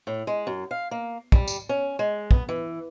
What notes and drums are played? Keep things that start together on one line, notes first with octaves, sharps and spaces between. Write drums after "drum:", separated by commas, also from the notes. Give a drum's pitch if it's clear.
A2
G#3
F#2
F5
A#3
G3, drum: kick
drum: tambourine
C#4
G#3
B3, drum: kick
E3